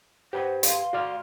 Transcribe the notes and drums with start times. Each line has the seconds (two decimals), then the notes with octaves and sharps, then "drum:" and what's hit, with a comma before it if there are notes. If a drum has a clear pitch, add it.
0.33 G4 B4 C5 F#5
0.63 F5 C6, drum: hi-hat
0.93 F#4 D5 F6